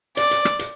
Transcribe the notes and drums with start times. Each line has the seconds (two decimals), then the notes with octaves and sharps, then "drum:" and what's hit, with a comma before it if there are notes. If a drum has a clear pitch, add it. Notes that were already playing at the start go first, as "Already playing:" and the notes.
0.17 D5, drum: hi-hat
0.31 drum: hi-hat
0.45 drum: rim click
0.59 drum: hi-hat